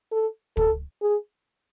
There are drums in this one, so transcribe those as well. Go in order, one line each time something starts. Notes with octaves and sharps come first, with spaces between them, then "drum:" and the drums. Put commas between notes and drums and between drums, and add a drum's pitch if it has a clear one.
A4
A4, drum: kick
G#4